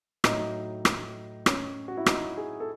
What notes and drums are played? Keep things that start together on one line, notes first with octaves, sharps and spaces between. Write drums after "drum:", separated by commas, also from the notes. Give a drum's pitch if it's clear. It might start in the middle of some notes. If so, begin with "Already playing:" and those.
A2 F#3 D#4, drum: rim click
drum: rim click
C#4, drum: rim click
F#4
E4
D#4, drum: rim click
G#4
A4